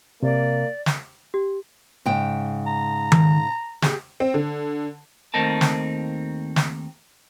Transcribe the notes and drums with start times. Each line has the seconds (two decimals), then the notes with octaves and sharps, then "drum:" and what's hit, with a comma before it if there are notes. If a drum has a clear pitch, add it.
0.23 C3 A#3 D5
0.86 drum: snare
1.34 G4
2.06 G#2 C#3 G5
2.67 A#5
3.12 drum: tom D#3
3.82 G4 G#4, drum: snare
4.20 C4
4.34 D3
5.34 D#2 A3 C4 D#4 A#4 A5
5.61 drum: snare
6.56 drum: snare